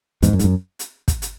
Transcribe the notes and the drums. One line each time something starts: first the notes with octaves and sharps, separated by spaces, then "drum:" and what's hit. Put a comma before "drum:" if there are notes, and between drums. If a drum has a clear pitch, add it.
E2 G#2, drum: hi-hat
F#2
G#2, drum: hi-hat
F#2
drum: hi-hat
drum: kick, hi-hat
drum: hi-hat